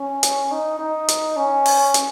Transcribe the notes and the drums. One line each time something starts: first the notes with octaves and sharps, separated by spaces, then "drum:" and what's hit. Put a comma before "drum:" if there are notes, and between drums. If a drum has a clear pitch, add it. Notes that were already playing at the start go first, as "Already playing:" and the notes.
Already playing: C#4
drum: hi-hat
D#4
D#4
drum: hi-hat
C#4
drum: open hi-hat
drum: hi-hat